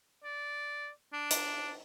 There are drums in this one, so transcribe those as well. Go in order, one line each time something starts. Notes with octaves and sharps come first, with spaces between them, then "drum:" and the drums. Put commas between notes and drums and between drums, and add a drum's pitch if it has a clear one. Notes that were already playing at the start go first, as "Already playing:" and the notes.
D5
D4
drum: hi-hat